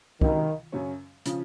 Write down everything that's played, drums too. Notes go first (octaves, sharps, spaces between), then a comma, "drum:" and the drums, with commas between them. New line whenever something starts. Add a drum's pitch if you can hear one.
C#2 C3 D#3 F#3 C4, drum: kick
F#2 C#3 F#3 C#4
C#3 F3, drum: hi-hat